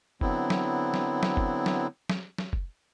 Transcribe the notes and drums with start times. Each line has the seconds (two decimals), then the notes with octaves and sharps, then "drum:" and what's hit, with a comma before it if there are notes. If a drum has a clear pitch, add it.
0.21 D3 F#3 B3 C4 E4, drum: kick F#1
0.50 drum: snare
0.94 drum: snare
1.23 drum: snare
1.37 drum: kick F#1
1.66 drum: snare
2.10 drum: snare
2.38 drum: snare
2.53 drum: kick F#1